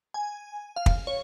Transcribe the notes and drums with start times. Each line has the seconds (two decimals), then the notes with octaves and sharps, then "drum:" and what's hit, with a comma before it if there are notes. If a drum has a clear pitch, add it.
0.14 G#5
0.76 F5
0.86 drum: kick
1.07 C#5